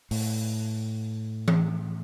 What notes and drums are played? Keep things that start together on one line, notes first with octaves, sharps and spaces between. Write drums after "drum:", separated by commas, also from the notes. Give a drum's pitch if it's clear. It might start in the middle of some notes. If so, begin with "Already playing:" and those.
A2, drum: open hi-hat
drum: tom E3